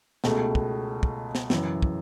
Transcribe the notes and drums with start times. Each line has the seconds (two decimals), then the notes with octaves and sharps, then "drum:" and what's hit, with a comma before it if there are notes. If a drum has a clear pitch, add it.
0.24 C#2 B2 A3, drum: snare
0.55 drum: kick
1.03 drum: kick
1.35 drum: snare
1.50 F#2 C#3 E3, drum: snare
1.82 drum: kick